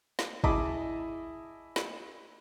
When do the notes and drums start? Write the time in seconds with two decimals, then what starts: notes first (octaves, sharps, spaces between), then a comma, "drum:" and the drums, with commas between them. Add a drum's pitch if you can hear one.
0.19 drum: snare
0.44 E4 G#4 D#5 A5 B5 D6, drum: kick
1.76 drum: snare